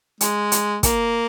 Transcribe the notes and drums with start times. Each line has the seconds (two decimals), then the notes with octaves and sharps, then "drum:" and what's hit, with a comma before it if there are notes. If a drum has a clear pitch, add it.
0.21 G#3, drum: hi-hat
0.52 drum: hi-hat
0.83 A#3, drum: kick, hi-hat